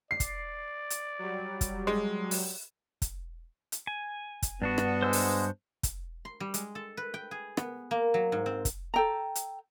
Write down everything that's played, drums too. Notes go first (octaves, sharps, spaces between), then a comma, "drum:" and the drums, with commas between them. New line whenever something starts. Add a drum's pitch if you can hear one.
D5 C7
drum: kick, hi-hat
drum: hi-hat
F#3 G3
drum: kick, hi-hat
G#3
drum: open hi-hat
drum: kick, hi-hat
drum: hi-hat
G#5
drum: kick, hi-hat
G2 B3 D4 F#4
drum: rim click
G#3 C5 E6
drum: open hi-hat
drum: kick, hi-hat
C6
G3
G#3, drum: hi-hat
A4
B4
G5
G#4
B3, drum: rim click
A#3
F#3
G#2
C4
drum: kick, hi-hat
A4 G5 A#5
drum: hi-hat